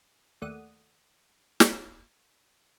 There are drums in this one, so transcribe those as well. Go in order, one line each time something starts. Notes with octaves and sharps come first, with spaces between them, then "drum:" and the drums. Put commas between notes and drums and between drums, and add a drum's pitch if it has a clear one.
D#2 A3 D5 F#5 D#6
drum: snare